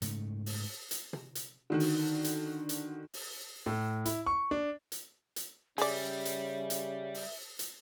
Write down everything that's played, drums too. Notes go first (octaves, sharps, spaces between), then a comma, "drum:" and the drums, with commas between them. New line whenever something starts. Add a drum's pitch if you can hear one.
G#2 C#3 A3, drum: hi-hat
drum: open hi-hat
drum: hi-hat
drum: tom
drum: hi-hat
D3 D#3 F#4
drum: open hi-hat
drum: hi-hat
drum: hi-hat
drum: open hi-hat
A2
E4, drum: hi-hat
C#6
D4
drum: hi-hat
drum: hi-hat
C#3 G3 C#4 G4 G#4 D5 E5, drum: open hi-hat
drum: hi-hat
drum: hi-hat
drum: open hi-hat
drum: hi-hat